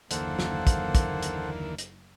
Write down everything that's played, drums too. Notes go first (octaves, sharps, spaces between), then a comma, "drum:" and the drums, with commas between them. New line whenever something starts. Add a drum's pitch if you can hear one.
F#1 D#2 D3 E3 A#3 A4 C5 F#5, drum: hi-hat
drum: snare
drum: kick, hi-hat
drum: kick, hi-hat
drum: hi-hat
drum: hi-hat